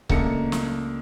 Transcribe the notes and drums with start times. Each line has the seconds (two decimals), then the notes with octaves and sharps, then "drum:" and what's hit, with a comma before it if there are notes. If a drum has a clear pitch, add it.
0.09 C#2 A3 A#3 D4 A#5 C#7, drum: kick C#1
0.52 drum: snare